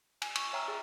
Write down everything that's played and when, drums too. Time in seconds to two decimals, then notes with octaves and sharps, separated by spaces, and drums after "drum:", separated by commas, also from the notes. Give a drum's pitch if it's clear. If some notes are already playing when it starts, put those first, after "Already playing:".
0.22 G#5, drum: cymbal
0.35 C#6, drum: cymbal
0.53 C#5 E5 G5 A#5 E6 F6
0.68 G#4